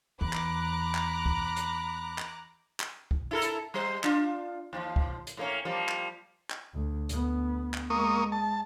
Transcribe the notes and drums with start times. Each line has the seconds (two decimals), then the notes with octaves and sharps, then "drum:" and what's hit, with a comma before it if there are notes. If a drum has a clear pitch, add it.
0.21 E2 A#5 B5 D6 F#6
0.33 drum: clap
0.95 drum: clap
1.26 drum: kick
1.57 drum: hi-hat
2.18 drum: clap
2.80 drum: clap
3.11 drum: kick
3.31 E4 A4 A#4
3.42 drum: hi-hat
3.74 G3 C5
4.03 D4 F4, drum: clap
4.73 D#2 F3
4.96 drum: kick
5.27 drum: hi-hat
5.37 A2 A#3 C#4
5.65 F3 G3 A#3
5.89 drum: clap
6.50 drum: clap
6.73 D2
7.09 D2 B3, drum: hi-hat
7.74 drum: clap
7.90 G#3 A#3 C#6 D#6
8.32 A5